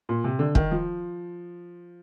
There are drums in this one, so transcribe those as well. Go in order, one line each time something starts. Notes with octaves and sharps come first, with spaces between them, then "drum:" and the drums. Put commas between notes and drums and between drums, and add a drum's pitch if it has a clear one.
A#2
C3
D3
D#3, drum: kick
F3